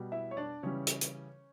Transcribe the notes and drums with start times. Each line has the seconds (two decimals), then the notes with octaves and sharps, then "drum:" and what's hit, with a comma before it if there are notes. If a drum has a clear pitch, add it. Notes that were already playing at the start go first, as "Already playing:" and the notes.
Already playing: B2 G3
0.12 E4 E5
0.31 C#5
0.37 D4 D5
0.63 C#3 E3 G3 C#4 C#5
0.87 drum: hi-hat
1.01 drum: hi-hat